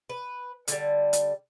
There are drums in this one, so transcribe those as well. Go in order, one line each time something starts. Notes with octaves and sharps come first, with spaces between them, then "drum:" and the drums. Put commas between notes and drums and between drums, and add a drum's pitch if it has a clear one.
B4
D3 G3, drum: hi-hat
drum: hi-hat